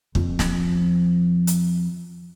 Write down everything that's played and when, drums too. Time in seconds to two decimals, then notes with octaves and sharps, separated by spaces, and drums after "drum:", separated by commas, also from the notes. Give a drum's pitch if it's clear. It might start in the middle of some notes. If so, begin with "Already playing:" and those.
0.15 F2 F3, drum: kick
0.39 drum: snare
1.47 drum: hi-hat